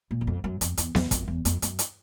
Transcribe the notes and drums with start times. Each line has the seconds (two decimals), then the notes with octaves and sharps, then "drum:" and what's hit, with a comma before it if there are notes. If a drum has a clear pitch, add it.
0.11 A#2
0.21 E2
0.27 F2
0.44 F#2
0.61 F2, drum: hi-hat
0.77 E2, drum: hi-hat
0.95 E2, drum: snare B3
1.11 F2, drum: kick, hi-hat
1.28 E2
1.45 F2, drum: hi-hat
1.62 F#2, drum: hi-hat
1.79 drum: hi-hat